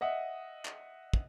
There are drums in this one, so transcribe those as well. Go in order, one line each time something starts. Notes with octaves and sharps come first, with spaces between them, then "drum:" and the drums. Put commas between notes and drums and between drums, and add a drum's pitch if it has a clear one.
D#5 E5 F#5 D#6
drum: clap
drum: kick